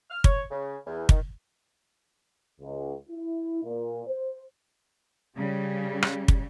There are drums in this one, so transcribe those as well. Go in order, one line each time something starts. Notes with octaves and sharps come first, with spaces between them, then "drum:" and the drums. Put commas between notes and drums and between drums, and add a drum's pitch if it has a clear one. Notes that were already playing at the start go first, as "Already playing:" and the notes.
F6
C#5, drum: kick
C#3
E2
D#3, drum: kick
C#2
E4
A#2
C5
C#3 G3
drum: rim click
drum: kick